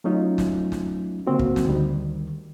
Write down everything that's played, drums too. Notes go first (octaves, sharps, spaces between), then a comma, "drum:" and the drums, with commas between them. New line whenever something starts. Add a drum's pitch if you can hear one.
F#3 A3 C#4 D#4 F4
drum: snare
drum: snare
C#3 A#3 C4 F#4
drum: kick
drum: snare
D2 D#3 G3